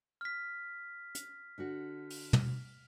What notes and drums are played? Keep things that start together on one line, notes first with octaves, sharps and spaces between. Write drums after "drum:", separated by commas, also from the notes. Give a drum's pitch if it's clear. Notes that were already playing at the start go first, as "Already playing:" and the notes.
F6 B6
drum: hi-hat
D3 D4 F#4
drum: open hi-hat
drum: tom